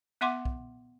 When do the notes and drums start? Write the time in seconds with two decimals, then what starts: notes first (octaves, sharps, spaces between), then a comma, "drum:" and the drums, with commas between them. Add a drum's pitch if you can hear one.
0.21 B3 E5 F#5 C6 D6
0.45 drum: kick